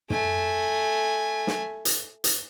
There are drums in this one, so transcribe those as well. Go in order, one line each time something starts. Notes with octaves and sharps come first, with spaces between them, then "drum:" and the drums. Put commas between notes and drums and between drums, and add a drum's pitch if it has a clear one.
A3 G#5, drum: tom
drum: snare
drum: hi-hat
drum: hi-hat